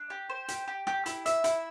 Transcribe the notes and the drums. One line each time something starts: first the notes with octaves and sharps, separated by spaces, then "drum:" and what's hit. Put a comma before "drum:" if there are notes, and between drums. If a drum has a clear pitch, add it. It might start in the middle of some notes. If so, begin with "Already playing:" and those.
Already playing: D4
G4
C5
G4, drum: hi-hat
G4
G4, drum: rim click
E4, drum: hi-hat
E5, drum: hi-hat
E4, drum: hi-hat